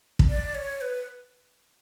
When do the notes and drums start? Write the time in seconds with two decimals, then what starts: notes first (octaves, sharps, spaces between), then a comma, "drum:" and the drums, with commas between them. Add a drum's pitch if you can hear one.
0.19 drum: kick
0.29 D5
0.55 C#5
0.81 B4